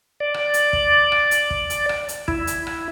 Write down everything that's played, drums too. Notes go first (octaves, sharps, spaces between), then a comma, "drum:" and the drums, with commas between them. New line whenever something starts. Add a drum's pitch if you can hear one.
D5
drum: rim click
drum: hi-hat
drum: kick
drum: rim click
drum: hi-hat
drum: kick
drum: hi-hat
drum: rim click
drum: hi-hat
E4, drum: kick
drum: hi-hat
drum: rim click